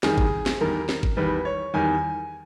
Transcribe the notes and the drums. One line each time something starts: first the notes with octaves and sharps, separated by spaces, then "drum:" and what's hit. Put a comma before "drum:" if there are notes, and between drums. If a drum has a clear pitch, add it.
E2 D#3 G3 G#4, drum: snare
drum: kick G#1
drum: snare
E2 D#3 G3 A#4
drum: snare
drum: kick G#1
E2 D#3 G3 B4
C#5
E2 D#3 G3 G#5